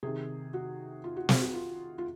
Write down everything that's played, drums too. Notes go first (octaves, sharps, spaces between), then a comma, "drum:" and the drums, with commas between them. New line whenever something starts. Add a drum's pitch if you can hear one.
C3 D#3 G#4
F#4
F4
F#4
G#4, drum: snare
F#4
F4
F4